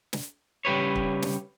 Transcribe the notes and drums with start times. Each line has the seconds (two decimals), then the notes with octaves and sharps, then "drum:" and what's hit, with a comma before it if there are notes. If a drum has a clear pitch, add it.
0.13 drum: snare
0.65 C#3 G3 G4 B4 C#5
0.96 drum: kick
1.22 drum: snare